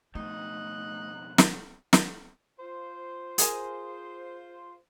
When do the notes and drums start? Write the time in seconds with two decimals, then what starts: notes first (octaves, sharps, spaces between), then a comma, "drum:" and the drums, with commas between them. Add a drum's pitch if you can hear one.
0.15 F2 B2 A3 D#4 F#6
1.38 drum: snare
1.93 drum: snare
2.60 F4 C5
3.38 G#4 A#4 G#5, drum: hi-hat